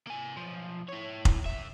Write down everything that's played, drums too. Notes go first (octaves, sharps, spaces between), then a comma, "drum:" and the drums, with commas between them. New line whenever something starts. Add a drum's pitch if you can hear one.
A#3 G#5
B1 F3
E4 C#5
drum: kick F1
F#2 E5